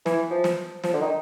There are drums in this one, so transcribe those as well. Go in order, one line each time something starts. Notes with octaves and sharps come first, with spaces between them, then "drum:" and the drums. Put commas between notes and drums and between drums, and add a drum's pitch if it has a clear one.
E3, drum: snare
F3
drum: snare
F3, drum: snare
D3
D#3